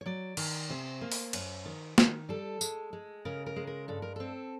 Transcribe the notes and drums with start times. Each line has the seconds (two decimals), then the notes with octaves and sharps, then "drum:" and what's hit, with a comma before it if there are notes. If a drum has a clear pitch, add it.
0.01 C#5
0.06 F#3 D5
0.37 D#3, drum: cymbal
0.70 C3 C5
1.01 A#3
1.12 drum: open hi-hat
1.33 F#2, drum: cymbal
1.66 D#3
1.98 D#3, drum: snare
2.29 G3 A4
2.61 G#3, drum: tambourine
2.93 G#3
3.25 C#3 A#4
3.46 A#4
3.56 G#3
3.67 A#4
3.88 G2 A4
4.02 A#4
4.16 C4 A4